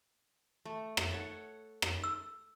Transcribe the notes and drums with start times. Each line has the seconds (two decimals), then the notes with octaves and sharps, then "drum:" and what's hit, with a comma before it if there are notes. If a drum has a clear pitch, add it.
0.65 A3
0.97 drum: rim click
1.11 A4 C#5 F#5
1.82 drum: rim click
2.04 E6